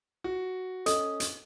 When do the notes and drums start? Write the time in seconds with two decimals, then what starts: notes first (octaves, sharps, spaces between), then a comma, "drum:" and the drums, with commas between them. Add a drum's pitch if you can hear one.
0.24 F#4
0.86 C#4 A4 D#5 D#6, drum: hi-hat
1.20 drum: hi-hat